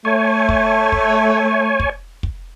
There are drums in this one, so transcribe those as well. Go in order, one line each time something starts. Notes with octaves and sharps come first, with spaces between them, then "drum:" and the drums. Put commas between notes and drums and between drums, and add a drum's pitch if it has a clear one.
A3 C#5 G#5
drum: kick
drum: kick
drum: kick
drum: kick